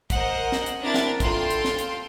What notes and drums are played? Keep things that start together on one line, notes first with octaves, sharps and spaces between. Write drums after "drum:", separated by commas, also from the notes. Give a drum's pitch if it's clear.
A#4 C5 D#5 F#5, drum: kick, hi-hat
drum: snare
drum: hi-hat
C4 D4 E4 A#4 A6
drum: snare
F4 A4 G5 C6, drum: kick, hi-hat
drum: hi-hat
drum: snare
drum: hi-hat